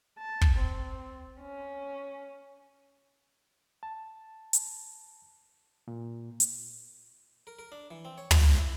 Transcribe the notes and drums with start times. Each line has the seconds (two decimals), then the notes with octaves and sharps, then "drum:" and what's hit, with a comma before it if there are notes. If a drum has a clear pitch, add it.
0.19 A5
0.41 drum: kick
0.59 C4
1.41 C#4
3.83 A5
4.53 drum: hi-hat
5.88 A#2
6.40 drum: hi-hat
7.47 A#4
7.59 A#4
7.72 D4
7.91 E3
8.05 C4
8.18 C#5
8.31 F3, drum: tom
8.43 F4
8.58 E4